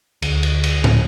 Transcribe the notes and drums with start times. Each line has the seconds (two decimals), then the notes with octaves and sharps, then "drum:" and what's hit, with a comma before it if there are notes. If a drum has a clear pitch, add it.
0.22 D2, drum: cymbal
0.43 drum: cymbal
0.64 drum: cymbal
0.84 drum: tom A2